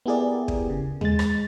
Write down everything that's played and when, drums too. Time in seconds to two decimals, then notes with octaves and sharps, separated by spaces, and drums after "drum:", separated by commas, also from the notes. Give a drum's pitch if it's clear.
0.06 B3 E4 G4 G#4 A#4 D5
0.48 drum: kick
0.70 C#3
1.01 G#3 A6, drum: tom D#2
1.19 drum: rim click